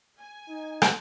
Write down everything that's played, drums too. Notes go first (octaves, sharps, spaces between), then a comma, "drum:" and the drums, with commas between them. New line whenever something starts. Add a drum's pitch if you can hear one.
G#5
D#4
drum: rim click